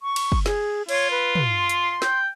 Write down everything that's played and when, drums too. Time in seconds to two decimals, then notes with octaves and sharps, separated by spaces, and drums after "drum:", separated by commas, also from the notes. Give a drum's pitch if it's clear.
0.02 C#6
0.16 drum: cymbal
0.32 drum: kick
0.46 G#4, drum: snare
0.89 F4 C#5, drum: cymbal
1.11 B4
1.35 drum: tom
1.58 C6
1.70 drum: hi-hat
2.02 G5, drum: snare